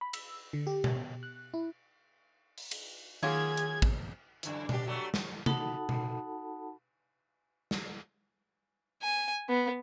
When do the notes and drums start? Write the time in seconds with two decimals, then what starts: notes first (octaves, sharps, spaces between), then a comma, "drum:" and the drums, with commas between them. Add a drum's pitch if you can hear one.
0.01 B5
0.13 E6, drum: cymbal
0.53 D3
0.67 G4
0.84 drum: tom B2
0.96 B2
1.23 F#6
1.54 E4
2.58 drum: open hi-hat
2.71 drum: cymbal
3.23 D#3 F#3 A#3 F4 G#4 G#6, drum: cymbal
3.57 drum: hi-hat
3.82 drum: kick
4.43 F#2 D3 E3, drum: hi-hat
4.69 D4 G4, drum: tom B2
4.87 F#3 G3 A3
5.14 drum: snare
5.46 D#4 F#4 A4 F#5 A5 B5, drum: tom C3
5.89 drum: tom B2
7.71 drum: snare
9.02 G#5
9.49 B3